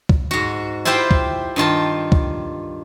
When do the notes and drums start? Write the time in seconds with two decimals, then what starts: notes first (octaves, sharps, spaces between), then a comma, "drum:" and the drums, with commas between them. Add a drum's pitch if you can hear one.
0.09 drum: kick
0.31 G#2 F#4
0.85 E4 F4 G4 C5 E5 G5
1.11 drum: kick
1.56 G2 D#3 F4 A5
2.12 drum: kick